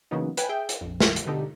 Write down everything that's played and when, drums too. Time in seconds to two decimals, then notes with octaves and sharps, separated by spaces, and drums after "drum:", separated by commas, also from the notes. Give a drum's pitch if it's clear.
0.11 C#3 E3 F#3 A#3 B3 D#4
0.37 B4 G5 G#5, drum: hi-hat
0.49 G#4 E5 G5
0.69 drum: hi-hat
0.81 A#1 F2
1.00 drum: snare
1.16 drum: hi-hat
1.26 B2 D3 D#4 G4 A4